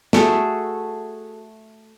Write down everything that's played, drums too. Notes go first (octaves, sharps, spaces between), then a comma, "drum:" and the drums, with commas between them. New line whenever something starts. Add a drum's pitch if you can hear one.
A3 F#4 G#4 A4, drum: snare